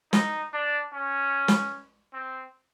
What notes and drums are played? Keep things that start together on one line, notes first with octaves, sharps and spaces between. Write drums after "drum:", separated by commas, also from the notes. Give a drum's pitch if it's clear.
D#4, drum: snare
D4
C#4
drum: snare
C4